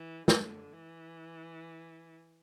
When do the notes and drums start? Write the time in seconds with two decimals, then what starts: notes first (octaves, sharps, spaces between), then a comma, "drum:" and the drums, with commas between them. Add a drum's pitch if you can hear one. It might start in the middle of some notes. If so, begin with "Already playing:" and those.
Already playing: E3
0.28 D3, drum: snare
0.73 E3